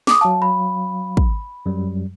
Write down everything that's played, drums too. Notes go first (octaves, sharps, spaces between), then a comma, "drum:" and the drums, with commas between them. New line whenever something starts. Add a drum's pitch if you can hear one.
D6 D#6, drum: snare
F#3 F5 A5
B5
drum: kick
F#2 F#3 G3